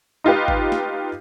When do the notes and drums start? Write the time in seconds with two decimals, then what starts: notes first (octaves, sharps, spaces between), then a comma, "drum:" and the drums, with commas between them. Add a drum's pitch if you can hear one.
0.24 D#4 F4 G4 B4
0.48 drum: kick G#1
0.72 drum: snare